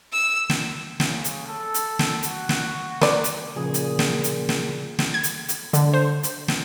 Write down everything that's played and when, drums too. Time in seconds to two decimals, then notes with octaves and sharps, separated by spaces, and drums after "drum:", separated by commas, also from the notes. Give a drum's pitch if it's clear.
0.12 E6
0.50 drum: snare
1.00 C#3, drum: snare
1.24 drum: hi-hat
1.46 A4
1.74 drum: hi-hat
1.99 drum: snare
2.23 F#4, drum: hi-hat
2.49 drum: snare
3.01 B4 D5, drum: snare
3.24 drum: hi-hat
3.56 A#2 C#3 F3 C#4 G#4
3.74 drum: hi-hat
3.99 drum: snare
4.24 drum: hi-hat
4.49 drum: snare
4.99 drum: snare
5.14 G#6
5.24 drum: hi-hat
5.48 drum: hi-hat
5.73 D3, drum: hi-hat
5.94 C5
6.23 drum: hi-hat
6.48 drum: snare